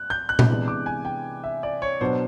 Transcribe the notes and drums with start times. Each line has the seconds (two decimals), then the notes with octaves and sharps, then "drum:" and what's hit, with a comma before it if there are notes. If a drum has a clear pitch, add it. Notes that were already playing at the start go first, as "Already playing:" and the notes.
Already playing: F#6
0.10 G6
0.29 F#6
0.39 drum: tom A#2
0.48 C3 E3 G#3 B3 D4
0.68 D6
0.86 G#5
1.05 G5
1.44 E5
1.63 D5
1.82 C#5
2.01 B2 F#3 B3 D4 C5